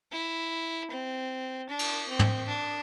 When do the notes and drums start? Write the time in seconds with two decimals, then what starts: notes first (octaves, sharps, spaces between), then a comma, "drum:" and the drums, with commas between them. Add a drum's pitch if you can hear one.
0.12 E4
0.90 C4
1.69 D4
1.79 drum: cymbal
2.09 C4
2.19 drum: tom
2.48 D4